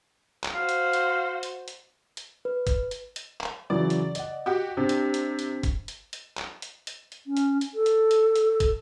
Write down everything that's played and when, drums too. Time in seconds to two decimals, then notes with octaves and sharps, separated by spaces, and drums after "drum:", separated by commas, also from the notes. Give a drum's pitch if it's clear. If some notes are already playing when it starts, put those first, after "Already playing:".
0.44 drum: clap
0.55 F#4 C5 F5
0.69 drum: hi-hat
0.93 drum: hi-hat
1.43 drum: hi-hat
1.68 drum: hi-hat
2.17 drum: hi-hat
2.45 B4
2.67 drum: kick, hi-hat
2.91 drum: hi-hat
3.16 drum: hi-hat
3.41 drum: clap
3.70 C#3 E3 F#3 D5
3.90 drum: hi-hat
4.15 D#5 F#5, drum: hi-hat
4.46 F#4 G4
4.77 C3 C4 D4 G4
4.89 drum: hi-hat
5.14 drum: hi-hat
5.39 drum: hi-hat
5.63 drum: kick, hi-hat
5.88 drum: hi-hat
6.13 drum: hi-hat
6.38 drum: clap
6.62 drum: hi-hat
6.87 drum: hi-hat
7.12 drum: hi-hat
7.27 C#4
7.37 drum: hi-hat
7.61 drum: hi-hat
7.74 A4
7.86 drum: hi-hat
8.11 drum: hi-hat
8.36 drum: hi-hat
8.60 drum: kick, hi-hat